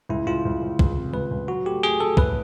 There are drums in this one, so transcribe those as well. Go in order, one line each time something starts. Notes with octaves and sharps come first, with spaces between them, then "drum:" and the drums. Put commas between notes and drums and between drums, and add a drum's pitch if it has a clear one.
C#2 E4
C#2 F4
C#2
C#2
C#2, drum: kick
C3
C#2 B4
C#2
F#3 F#4
A3 G4
A3 G#4
A3 A4
A2 B4, drum: kick